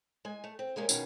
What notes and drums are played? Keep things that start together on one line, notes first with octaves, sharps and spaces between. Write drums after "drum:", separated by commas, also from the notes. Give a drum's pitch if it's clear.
G#3 G#5
A3
C4
C3 G#3 A#3 C#4
B2 D#3 C#4 F5, drum: tambourine